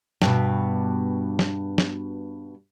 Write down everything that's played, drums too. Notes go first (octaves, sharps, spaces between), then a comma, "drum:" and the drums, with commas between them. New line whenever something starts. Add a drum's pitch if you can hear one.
G2 B2, drum: snare
drum: snare
drum: snare